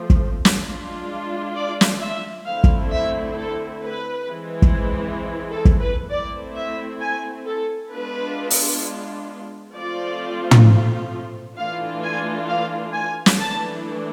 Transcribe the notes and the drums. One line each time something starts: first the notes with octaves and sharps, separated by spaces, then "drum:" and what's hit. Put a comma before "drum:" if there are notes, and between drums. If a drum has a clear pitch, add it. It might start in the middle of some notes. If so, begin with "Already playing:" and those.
Already playing: F3 A3 C4
drum: kick
drum: snare
G#3 D4 F4
D5
drum: snare
E5
D3 A3 C4 E4 F5
drum: kick
E5
A4
B4
E3 G#3 C4 E4
drum: kick
A4
drum: kick
B4
A3 C4 E4 D5
E5
G#5
A4
G#3 B3 D4 F4 B4
drum: open hi-hat
F3 A3 C4 F4 D5
drum: tom
E3 A3 D4 F4 F5
G#5
F5
G#5
drum: snare
E3 A3 D4 A5